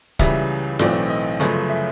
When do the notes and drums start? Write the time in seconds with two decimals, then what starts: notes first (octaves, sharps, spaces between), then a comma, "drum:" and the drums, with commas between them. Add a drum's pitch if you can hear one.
0.19 C#2 C#3 E3 G3 E5, drum: kick, hi-hat
0.79 B1 A2 E3 A3 C4 D5, drum: snare F4
1.10 D#5
1.40 G1 F#2 C#3 F3 A3, drum: hi-hat
1.69 E5